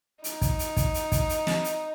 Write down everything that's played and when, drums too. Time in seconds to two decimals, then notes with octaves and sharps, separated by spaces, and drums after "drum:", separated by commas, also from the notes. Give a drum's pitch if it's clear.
0.24 D#4, drum: hi-hat
0.41 drum: kick, hi-hat
0.59 drum: hi-hat
0.77 drum: kick, hi-hat
0.94 drum: hi-hat
1.12 drum: kick, hi-hat
1.29 drum: hi-hat
1.47 drum: snare
1.64 drum: hi-hat